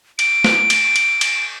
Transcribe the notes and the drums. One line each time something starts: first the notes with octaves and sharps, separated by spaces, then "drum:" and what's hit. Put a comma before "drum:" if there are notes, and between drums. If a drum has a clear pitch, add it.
D7, drum: cymbal
drum: snare
drum: cymbal
drum: cymbal
drum: cymbal